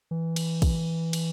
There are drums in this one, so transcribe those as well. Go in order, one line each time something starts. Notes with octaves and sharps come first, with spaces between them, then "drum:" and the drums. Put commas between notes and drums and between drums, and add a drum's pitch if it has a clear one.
E3
drum: cymbal
drum: kick, cymbal
drum: cymbal